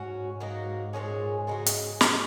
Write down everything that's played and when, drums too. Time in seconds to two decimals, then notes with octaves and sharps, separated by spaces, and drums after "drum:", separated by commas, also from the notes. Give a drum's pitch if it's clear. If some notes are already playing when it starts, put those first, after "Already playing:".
Already playing: G#2 F#3 C#4 F#4
0.40 G#2 F#3 A#3 D#4 F#4
0.93 A#2 G#3 C#4 G#4
1.47 C#3 G#3 D#4 F#4
1.66 drum: hi-hat
2.01 G#3 D#4 F#4, drum: snare